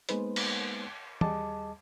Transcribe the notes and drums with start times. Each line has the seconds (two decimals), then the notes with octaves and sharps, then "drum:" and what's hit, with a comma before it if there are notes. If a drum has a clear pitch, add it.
0.09 G#3 A#3 B3 D#4 B4 C5, drum: hi-hat
0.36 drum: cymbal
1.21 D#2 G3 G#4 D#5 A5 D6, drum: tom